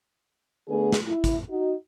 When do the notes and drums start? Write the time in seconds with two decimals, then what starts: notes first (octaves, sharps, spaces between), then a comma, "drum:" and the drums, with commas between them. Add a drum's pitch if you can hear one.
0.69 D3 A3 B3 G#4
0.92 drum: snare
1.08 E4
1.24 drum: kick, hi-hat
1.50 D#4 F#4